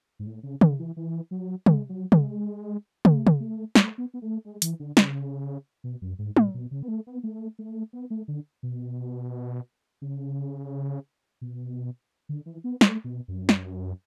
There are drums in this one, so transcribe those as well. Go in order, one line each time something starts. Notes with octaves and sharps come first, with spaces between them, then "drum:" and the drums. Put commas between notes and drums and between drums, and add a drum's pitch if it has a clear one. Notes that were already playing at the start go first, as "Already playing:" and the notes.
G#2
A2
C#3
D3, drum: tom
E3
E3
F#3
G#3, drum: tom
F#3
G#3, drum: tom
A3, drum: tom
drum: tom
A3
A3, drum: snare
B3
B3
A3
G#3
E3, drum: hi-hat
D3
C#3, drum: snare
B2
F#2
G#2
A2, drum: tom
B2
C#3
B3
A3
B3
A3
A3
B3
A3
D3
B2
C#3
B2
D3
E3
B3
A3, drum: snare
B2
F#2
drum: snare